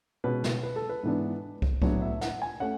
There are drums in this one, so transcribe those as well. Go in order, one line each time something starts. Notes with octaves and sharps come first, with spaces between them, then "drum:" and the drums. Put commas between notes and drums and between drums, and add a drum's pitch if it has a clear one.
B2 G#3 C#4 B4
drum: snare
B4
A4
B4
G#2 E3 B3 D4
drum: kick
A2 F#3 B3 D4 C#5, drum: kick
E5
F#5, drum: snare
G#5
A3 C#4 F#5